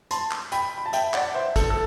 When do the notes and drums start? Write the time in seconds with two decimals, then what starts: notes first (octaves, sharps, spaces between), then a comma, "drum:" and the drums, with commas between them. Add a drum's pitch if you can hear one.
0.11 A5 C6, drum: hi-hat
0.31 drum: clap
0.52 G5 B5, drum: hi-hat
0.78 B5
0.86 A5
0.93 E5 G5, drum: hi-hat
1.14 D5 F#5, drum: clap
1.35 C5 E5
1.56 A4, drum: kick, hi-hat
1.70 A4